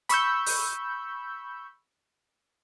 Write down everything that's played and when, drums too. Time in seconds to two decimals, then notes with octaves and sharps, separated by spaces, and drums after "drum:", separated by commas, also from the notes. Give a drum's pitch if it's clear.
0.09 B5 C#6 E6 G6, drum: hi-hat
0.46 drum: open hi-hat